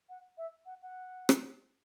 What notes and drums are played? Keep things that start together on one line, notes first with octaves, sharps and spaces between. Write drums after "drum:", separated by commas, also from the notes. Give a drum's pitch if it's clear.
F#5
E5
F#5
F#5
drum: rim click